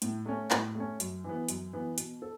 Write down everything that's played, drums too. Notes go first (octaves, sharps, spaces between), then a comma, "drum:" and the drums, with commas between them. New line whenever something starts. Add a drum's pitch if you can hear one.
A2, drum: hi-hat
A3 C#4
A2, drum: clap
A3 C#4
F#2, drum: hi-hat
E3 B3
F#2, drum: hi-hat
E3 B3
B2, drum: hi-hat
A4